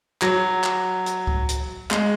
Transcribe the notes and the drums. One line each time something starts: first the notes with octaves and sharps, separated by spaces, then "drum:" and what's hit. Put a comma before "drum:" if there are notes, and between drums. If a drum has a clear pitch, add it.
F#3, drum: clap
drum: clap
drum: hi-hat
drum: kick C#2
drum: hi-hat
G#3, drum: clap